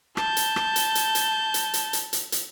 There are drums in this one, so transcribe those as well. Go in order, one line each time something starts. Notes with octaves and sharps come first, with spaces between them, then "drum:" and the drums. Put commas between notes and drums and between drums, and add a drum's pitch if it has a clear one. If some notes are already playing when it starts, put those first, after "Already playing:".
A5 G6, drum: rim click
drum: hi-hat
drum: rim click
drum: hi-hat
drum: hi-hat
drum: hi-hat
drum: hi-hat
drum: hi-hat
drum: hi-hat
drum: hi-hat
drum: hi-hat